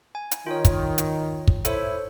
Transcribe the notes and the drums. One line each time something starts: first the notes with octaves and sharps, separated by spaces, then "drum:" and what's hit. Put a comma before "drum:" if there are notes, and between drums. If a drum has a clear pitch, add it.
G#5
drum: hi-hat
D#3 F4 C#5
drum: kick, hi-hat
drum: hi-hat
drum: kick
E4 A4 C5 C#5, drum: hi-hat